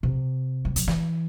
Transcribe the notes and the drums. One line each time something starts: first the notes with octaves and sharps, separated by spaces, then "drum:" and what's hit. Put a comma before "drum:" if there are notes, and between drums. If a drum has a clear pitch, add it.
C3
G3
F#3, drum: hi-hat
E3, drum: snare